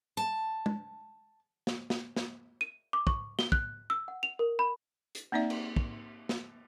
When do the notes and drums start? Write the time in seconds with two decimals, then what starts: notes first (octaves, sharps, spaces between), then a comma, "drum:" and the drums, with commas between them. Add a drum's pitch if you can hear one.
0.17 A5
0.66 drum: tom
1.67 drum: snare
1.90 drum: snare
2.16 drum: snare
2.61 D#7
2.93 D6
3.07 C#6, drum: kick
3.39 G7, drum: snare
3.52 F#6, drum: kick
3.90 E6
4.08 F#5
4.23 F7
4.39 A#4
4.59 B5
5.15 drum: hi-hat
5.32 A#3 C4 D#4 D5 E5
5.50 drum: cymbal
5.76 drum: kick
6.29 drum: snare